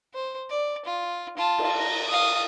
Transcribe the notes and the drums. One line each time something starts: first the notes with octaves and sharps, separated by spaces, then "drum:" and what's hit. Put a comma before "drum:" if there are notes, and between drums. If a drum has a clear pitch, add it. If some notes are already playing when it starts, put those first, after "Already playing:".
C5
D5
F4
F4 A5
drum: cymbal
A#5
F5 D#6